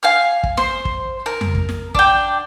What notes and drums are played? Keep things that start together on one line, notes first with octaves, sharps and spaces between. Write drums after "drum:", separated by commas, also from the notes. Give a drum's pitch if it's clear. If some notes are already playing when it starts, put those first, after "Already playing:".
F5 G#5 F6
drum: kick
C5, drum: snare
drum: kick
A#4
drum: tom F2
drum: kick
drum: snare
D4 G5, drum: kick